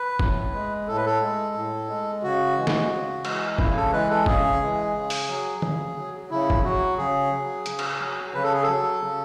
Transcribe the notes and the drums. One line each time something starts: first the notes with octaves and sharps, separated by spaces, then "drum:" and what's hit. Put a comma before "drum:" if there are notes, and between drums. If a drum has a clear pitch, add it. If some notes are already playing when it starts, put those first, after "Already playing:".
Already playing: B4
A2, drum: kick F#1
G#3
A2 A4
B4
A4
G#3
A2
G#3
C#3 F#4
E3 G#3
drum: snare
C#3
E3 G#3, drum: cymbal
C#3 E4, drum: kick F#1
A4
E3 G#3 B4
A4
C#3 G#4, drum: kick F#1
E3 G#3
C#3
drum: open hi-hat
F#3
C#3, drum: tom
F#3
C#3 E4
drum: kick F#1
F#3 F#4
C#3 G#4
F#3
C#3, drum: hi-hat
drum: cymbal
F#3
C#3 B4
A4
G#4
F#3 A4
C#3